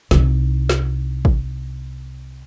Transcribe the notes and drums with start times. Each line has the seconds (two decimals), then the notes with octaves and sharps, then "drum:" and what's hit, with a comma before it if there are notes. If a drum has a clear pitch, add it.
0.11 C2 D#4, drum: snare
0.69 drum: snare
1.25 drum: kick